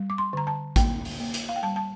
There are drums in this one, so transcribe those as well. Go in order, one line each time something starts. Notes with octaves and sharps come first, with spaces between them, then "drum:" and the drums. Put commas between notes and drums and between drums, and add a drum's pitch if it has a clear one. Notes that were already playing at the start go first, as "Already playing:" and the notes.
Already playing: G3
D6
C6
D3 A#5
A5
A#3 G5, drum: kick A1, hi-hat
drum: open hi-hat
A#3
drum: hi-hat
F5
G5
G3 A5
A5